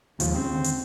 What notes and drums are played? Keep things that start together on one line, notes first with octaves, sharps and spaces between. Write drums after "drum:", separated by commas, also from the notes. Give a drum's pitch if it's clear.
D#2 D#3 F3 G#3, drum: hi-hat
D#2 G#2 C#3 C4
D#2 D3
drum: hi-hat